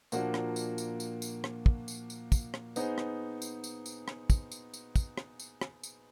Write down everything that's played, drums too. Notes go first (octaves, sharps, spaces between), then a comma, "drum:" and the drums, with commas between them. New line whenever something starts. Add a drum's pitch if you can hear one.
A#2 F3 A#3 D4 F#4, drum: tambourine
drum: rim click
drum: tambourine
drum: tambourine
drum: tambourine
drum: tambourine
drum: rim click
drum: kick
drum: tambourine
drum: tambourine
drum: kick, tambourine
drum: rim click
B3 D#4 G#4 C5, drum: tambourine
drum: rim click
drum: tambourine
drum: tambourine
drum: tambourine
drum: rim click
drum: kick, tambourine
drum: tambourine
drum: tambourine
drum: kick, tambourine
drum: rim click
drum: tambourine
drum: rim click
drum: tambourine